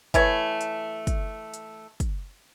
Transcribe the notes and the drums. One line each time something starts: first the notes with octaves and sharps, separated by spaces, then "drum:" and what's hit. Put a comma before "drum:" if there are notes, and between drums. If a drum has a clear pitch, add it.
E3 A3 C#5, drum: kick, hi-hat
drum: hi-hat
drum: kick, hi-hat
drum: hi-hat
drum: kick, hi-hat